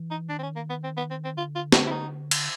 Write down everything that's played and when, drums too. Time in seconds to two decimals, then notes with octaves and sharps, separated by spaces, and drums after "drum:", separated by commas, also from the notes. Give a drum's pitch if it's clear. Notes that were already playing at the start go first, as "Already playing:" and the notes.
Already playing: E3
0.11 D#4
0.29 D#3 D4
0.39 C4
0.43 C#4
0.56 A#3
0.70 B3
0.84 C4
0.97 B3
1.10 C4
1.24 C4
1.37 D3 F4
1.55 F4
1.72 E4, drum: snare
1.87 E4
1.91 D#4
2.31 drum: cymbal